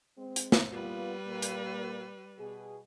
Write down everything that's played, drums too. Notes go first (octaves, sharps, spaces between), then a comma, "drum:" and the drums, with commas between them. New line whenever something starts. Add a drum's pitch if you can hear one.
G#3 C4
drum: hi-hat
drum: snare
G3 A#3 B3 F4 B4
A#2 A#3
drum: hi-hat
B2 G#4